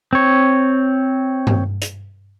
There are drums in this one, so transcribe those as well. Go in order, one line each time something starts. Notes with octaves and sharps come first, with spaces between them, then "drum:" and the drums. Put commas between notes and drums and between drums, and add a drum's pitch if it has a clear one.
C4 C#5
drum: tom G2
drum: hi-hat